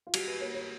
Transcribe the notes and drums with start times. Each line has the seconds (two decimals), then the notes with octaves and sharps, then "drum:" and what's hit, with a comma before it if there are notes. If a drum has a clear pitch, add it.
0.07 F4
0.14 G3 F#4, drum: cymbal
0.27 B4
0.40 A#3 C#5
0.54 C#5